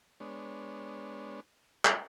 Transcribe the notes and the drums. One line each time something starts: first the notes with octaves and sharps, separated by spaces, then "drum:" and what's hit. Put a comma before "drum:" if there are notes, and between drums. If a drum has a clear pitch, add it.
G#3 B3 D4 C#5
drum: clap